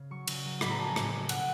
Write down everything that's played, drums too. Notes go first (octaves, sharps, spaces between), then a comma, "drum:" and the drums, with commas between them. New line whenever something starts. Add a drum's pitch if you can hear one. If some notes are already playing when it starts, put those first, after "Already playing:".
Already playing: C#3
F#3 C#6
C#3, drum: cymbal
F#3
A2 B5, drum: rim click
A#5
F3 A5
G#5
A2, drum: rim click
F3
B2 F#5, drum: cymbal